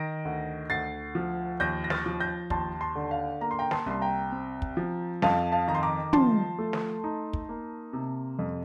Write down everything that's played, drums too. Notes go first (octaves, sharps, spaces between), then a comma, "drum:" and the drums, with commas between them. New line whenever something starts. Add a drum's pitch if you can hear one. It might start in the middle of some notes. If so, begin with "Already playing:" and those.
Already playing: D#3 A#6 D7
D2
D2 A6 C7
F3
D#2 G6 A#6
A#6
F6 A6, drum: snare
F3
G6 A#6
D#2 A5 C6, drum: kick
A5 C6
D3
F5
A#3 A#5
C6
G5 A#5
A5 C6, drum: snare
C2 C6
G5 A#5
C4
drum: kick
F3
F2 F5 A5, drum: snare
F5 A5
D#3 A#5
C6
A#5 D6
F3 A5 C6, drum: tom
A3
drum: snare
D#4
drum: kick
A#3
C3
F2